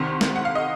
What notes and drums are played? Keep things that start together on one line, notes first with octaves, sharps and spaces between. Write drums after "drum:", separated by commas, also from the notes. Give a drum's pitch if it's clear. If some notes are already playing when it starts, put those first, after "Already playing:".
Already playing: C2 C3 D#3 C5
drum: snare
F#5
F5
D#5